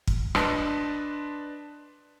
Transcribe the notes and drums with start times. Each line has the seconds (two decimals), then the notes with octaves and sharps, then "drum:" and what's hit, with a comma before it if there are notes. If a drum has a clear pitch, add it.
0.07 drum: kick
0.35 D4 B4 D#5 A5 C6, drum: rim click